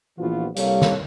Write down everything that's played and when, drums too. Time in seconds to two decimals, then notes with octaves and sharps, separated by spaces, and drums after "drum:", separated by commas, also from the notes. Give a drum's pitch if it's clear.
0.18 A#1 E3 F3 B3 F4 F#4
0.57 C2 G3 A#3 A4 C#5 F5, drum: hi-hat
0.82 drum: snare